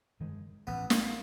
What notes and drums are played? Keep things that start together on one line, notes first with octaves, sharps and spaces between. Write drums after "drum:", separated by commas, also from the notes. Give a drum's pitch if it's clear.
G2 D#3 G#3
A1 B3
A#3, drum: snare